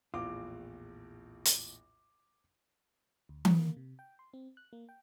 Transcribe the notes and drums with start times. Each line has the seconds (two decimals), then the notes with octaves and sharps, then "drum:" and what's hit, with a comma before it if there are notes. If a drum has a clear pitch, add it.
0.14 A#1 E2 A2 F4 D6
1.45 drum: hi-hat
3.29 D2
3.45 D#3, drum: tom E3
3.59 A#3
3.77 C3
3.99 G5
4.19 C6
4.33 C4
4.57 F#6
4.73 A#3
4.89 G5